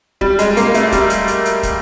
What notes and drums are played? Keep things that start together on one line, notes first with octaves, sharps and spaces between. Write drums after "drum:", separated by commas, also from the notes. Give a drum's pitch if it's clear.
G3, drum: kick
G#3, drum: hi-hat
A#3, drum: hi-hat
A3, drum: hi-hat
G3, drum: kick, hi-hat
drum: hi-hat
drum: hi-hat
drum: hi-hat
drum: kick, hi-hat